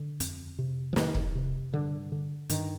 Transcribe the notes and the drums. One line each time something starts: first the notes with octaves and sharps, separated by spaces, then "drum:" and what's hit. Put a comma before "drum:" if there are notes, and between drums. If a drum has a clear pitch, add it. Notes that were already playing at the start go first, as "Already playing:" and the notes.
Already playing: D3
F2, drum: hi-hat
C3
F3
F2 D#3, drum: snare
drum: kick
C3
G2 D3
D3
G2 D#3, drum: hi-hat